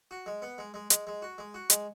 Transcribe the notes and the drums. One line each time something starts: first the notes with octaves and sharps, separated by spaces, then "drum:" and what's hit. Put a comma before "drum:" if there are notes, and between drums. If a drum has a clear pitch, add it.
F#4
G#3
B3
G#3
G#3
G#3, drum: hi-hat
G#3
F#4
G#3
F#4
G#3, drum: hi-hat